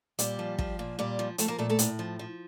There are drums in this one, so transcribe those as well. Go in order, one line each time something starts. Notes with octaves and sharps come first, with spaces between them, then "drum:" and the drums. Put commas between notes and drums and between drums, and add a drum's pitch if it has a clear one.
A#2 G3 G4, drum: hi-hat
F3
F3, drum: kick
A#2
A#2 G3 G4
F3
F3 A3 A4, drum: hi-hat
A#3 A#4
A#2 A3 A4
A3 A4
A2, drum: hi-hat
F3
F3